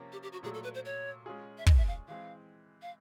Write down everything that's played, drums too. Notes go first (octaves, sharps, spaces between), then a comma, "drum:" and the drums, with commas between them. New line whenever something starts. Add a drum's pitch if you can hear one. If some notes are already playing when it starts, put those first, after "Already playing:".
Already playing: C3 F3 A#3 C#4
G4
G4
F#4
A#2 F#3 A3 G#4
A4
B4
C5
C#5
G#3 C#4 F4 G#4
E5
D#5, drum: kick
E5
F5
E3 G#3 C4 F5
F5